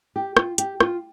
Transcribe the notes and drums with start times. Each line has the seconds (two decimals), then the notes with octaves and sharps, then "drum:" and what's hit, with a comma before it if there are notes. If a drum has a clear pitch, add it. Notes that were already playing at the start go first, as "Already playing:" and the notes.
0.16 G4
0.37 F4, drum: rim click
0.58 G4, drum: hi-hat
0.80 F4, drum: rim click